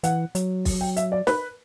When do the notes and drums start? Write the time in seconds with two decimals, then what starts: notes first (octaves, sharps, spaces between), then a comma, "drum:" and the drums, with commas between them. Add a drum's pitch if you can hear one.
0.03 E3 F#5, drum: hi-hat
0.35 F#3, drum: hi-hat
0.65 drum: kick, open hi-hat
0.81 G5
0.96 E5, drum: hi-hat
1.12 D5
1.27 B4, drum: snare